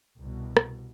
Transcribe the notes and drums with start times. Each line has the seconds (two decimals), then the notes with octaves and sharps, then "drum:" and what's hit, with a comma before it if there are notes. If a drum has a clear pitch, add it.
0.19 C2 B2
0.57 drum: rim click